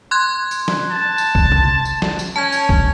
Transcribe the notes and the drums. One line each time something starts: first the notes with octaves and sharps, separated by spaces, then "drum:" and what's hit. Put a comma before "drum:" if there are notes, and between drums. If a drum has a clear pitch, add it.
C6 F#6 G#6
drum: tambourine
drum: snare
A5
drum: tambourine
drum: kick B1
drum: tom C3
drum: tambourine
drum: snare
drum: tambourine
C#4 A5 G#6
drum: tambourine
drum: kick B1